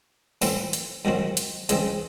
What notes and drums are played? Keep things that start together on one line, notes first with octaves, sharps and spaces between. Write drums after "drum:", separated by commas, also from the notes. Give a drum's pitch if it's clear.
A2 E3 C4 E4, drum: open hi-hat
drum: hi-hat
G#2 D#3 F#3 C4 F#4
drum: hi-hat
C#3 E3 G#3 C4, drum: hi-hat